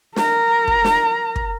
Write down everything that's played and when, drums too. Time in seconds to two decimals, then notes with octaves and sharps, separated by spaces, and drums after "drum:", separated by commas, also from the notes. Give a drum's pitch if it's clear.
0.16 A#4 A#5, drum: snare
0.67 drum: kick
0.84 drum: snare
1.36 drum: kick